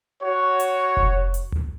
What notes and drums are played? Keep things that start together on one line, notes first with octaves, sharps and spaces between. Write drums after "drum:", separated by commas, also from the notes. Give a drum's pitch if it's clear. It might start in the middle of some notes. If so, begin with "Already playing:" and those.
F#4 C#5
drum: hi-hat
drum: kick F1
drum: hi-hat
drum: tom C#2